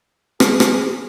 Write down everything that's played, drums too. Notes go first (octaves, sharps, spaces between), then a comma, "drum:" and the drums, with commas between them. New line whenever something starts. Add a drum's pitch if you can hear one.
G#4, drum: rim click
drum: rim click